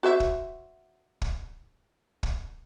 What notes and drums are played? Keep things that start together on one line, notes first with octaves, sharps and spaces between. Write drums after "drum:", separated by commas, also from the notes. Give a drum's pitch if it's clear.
F#4 C5 E5
drum: kick
drum: kick
drum: kick